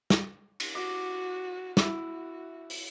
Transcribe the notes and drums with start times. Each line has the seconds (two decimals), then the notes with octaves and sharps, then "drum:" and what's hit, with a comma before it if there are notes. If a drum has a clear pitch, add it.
0.10 drum: snare
0.60 drum: cymbal
0.75 F#4 D6
1.77 E4 F#4, drum: snare
2.70 drum: open hi-hat